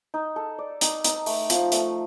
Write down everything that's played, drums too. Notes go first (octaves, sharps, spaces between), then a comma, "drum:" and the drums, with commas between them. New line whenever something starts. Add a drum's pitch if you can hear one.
D#4
A4
D5
D#4, drum: hi-hat
D#4, drum: hi-hat
A3, drum: open hi-hat
F3, drum: hi-hat
A3, drum: hi-hat